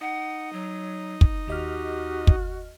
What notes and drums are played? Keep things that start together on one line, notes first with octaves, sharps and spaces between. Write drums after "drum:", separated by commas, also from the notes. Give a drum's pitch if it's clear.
D#4 F#5
F#3
drum: kick
D#2 F#4 G4 D#5 F6
drum: kick